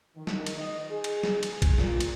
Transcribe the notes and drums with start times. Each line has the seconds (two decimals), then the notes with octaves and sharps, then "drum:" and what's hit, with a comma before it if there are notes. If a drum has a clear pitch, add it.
0.16 D#3
0.27 drum: snare
0.46 drum: cymbal
0.57 D#5
0.90 G#4
1.04 drum: cymbal
1.23 drum: snare
1.43 G#4, drum: cymbal
1.62 drum: kick A#1, cymbal
1.78 A#2, drum: snare
2.00 drum: cymbal